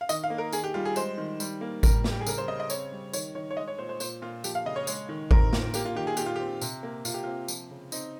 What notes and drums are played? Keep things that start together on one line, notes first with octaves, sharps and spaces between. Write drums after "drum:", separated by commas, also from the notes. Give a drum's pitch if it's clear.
F5
D#3 D#5, drum: tambourine
F5
A#3
A#4
D#3 G#4, drum: tambourine
G4
G3 F4
G#4
G#3 C5, drum: tambourine
D#3
G3, drum: tambourine
A#3
G3 A#4, drum: kick G#1, tambourine
G3, drum: snare
G4
G#4
C#3 A#4, drum: tambourine
C5
C#3 D#5
D#5
C4 C#5, drum: tambourine
G3
D#3 C#5, drum: tambourine
D#3 C#5
C#5
G#3 D#5
C#5
A#2 C5
C5
A#2 C5, drum: tambourine
A#2 F4
F3 G4, drum: tambourine
F5
C#3 D#5
C#5
G#3 C#5, drum: tambourine
D#3
C4 A#4, drum: kick G#1
A#2, drum: snare
A#3 G4, drum: tambourine
F4
D#3 G4
G#4
A#2 G4, drum: tambourine
F4
C4 G4
C3, drum: tambourine
A#3
C3 F4, drum: tambourine
G4
F4
C4
F3, drum: tambourine
C#3
C4 D#4, drum: tambourine